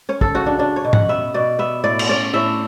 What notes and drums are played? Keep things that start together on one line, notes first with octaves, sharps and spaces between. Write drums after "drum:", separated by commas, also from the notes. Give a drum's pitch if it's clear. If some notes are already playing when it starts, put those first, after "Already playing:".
C#4 C#5
A4, drum: kick
C#3 F#4
D4
C#4 D4
C#5
B2
F#5, drum: tom G#2
B3 E5
B2 D5
B3 E5
A2 D5
drum: cymbal
C#4 D5
A2 E5